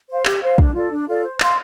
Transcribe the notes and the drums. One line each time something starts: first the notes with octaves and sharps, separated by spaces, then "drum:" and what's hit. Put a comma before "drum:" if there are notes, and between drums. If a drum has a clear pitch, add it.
C5 F5
G4, drum: clap
C5 F5
D4, drum: kick
F4 A4 D5
D4
F4 A4 D5
C5
F5 C6, drum: clap